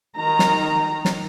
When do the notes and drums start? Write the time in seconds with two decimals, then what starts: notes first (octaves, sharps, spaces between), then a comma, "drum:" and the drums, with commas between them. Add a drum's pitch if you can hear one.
0.17 D#3 A#5
0.39 drum: snare
1.05 drum: snare